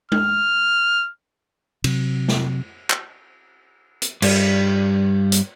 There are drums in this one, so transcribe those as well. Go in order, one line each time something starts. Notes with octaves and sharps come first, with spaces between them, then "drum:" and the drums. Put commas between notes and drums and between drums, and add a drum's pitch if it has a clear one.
F6, drum: tom G#3
C3 F#3, drum: cymbal
drum: snare
drum: clap
drum: hi-hat
G2 G3, drum: cymbal
drum: hi-hat